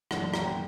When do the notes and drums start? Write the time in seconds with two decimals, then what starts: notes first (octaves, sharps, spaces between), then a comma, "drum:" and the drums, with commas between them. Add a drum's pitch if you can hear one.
0.11 F#2 C#3 E3 A#3 D4 F#5, drum: rim click
0.34 A#5, drum: rim click
0.43 G5